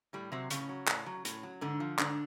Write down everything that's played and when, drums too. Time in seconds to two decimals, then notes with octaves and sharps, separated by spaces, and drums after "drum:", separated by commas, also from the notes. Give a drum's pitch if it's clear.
0.13 A2 G3
0.32 C3 F#3 C4
0.50 A2 C#3 C#4, drum: hi-hat
0.69 F#3
0.88 A2, drum: clap
1.06 F#3
1.25 A2, drum: hi-hat
1.43 F#3
1.61 G#2 D3 D4
1.80 F3
1.99 G#2 D3 D4, drum: clap